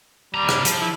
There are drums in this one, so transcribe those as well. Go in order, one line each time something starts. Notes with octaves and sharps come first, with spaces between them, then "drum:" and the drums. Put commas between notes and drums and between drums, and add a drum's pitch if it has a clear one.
D#2 G3 A#5
C3 A#3, drum: rim click
F3, drum: hi-hat
E4